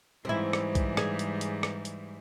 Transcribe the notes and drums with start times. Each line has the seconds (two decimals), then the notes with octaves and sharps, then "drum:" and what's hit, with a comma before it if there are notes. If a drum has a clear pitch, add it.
0.25 G#2 E3 G3 C4 E4
0.53 drum: rim click
0.75 drum: kick B1, hi-hat
0.97 G#4, drum: rim click
1.19 drum: hi-hat
1.41 drum: hi-hat
1.63 drum: rim click
1.85 drum: hi-hat